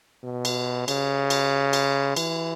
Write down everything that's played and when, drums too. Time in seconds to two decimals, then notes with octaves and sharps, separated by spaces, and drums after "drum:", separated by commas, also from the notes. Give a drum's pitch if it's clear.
0.24 B2
0.45 drum: cymbal
0.88 C#3, drum: cymbal
1.30 drum: cymbal
1.73 drum: cymbal
2.16 E3, drum: cymbal